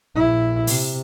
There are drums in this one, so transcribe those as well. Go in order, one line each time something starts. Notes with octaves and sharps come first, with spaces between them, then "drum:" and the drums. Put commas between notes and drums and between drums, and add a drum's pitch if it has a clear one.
A#1 E4
C3, drum: open hi-hat